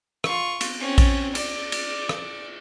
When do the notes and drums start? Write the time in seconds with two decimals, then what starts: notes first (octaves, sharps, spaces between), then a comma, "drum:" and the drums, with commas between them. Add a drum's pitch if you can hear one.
0.24 F4 C#6, drum: rim click
0.61 drum: cymbal
0.80 C4 C#4
0.98 drum: kick A#1, cymbal
1.35 D5, drum: cymbal
1.72 drum: cymbal
2.09 drum: rim click